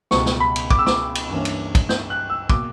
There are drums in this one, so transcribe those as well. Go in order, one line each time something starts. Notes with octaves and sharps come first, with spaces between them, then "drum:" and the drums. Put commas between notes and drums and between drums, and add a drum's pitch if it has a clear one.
C#2 B2 G3 C#6, drum: snare
drum: snare
B5
drum: cymbal
D6, drum: kick
E6
D6, drum: snare
drum: cymbal
G2 E3 A#3 C#4
drum: cymbal
drum: kick, cymbal
G6, drum: snare
F#6
E6
B2 A#3 D6, drum: kick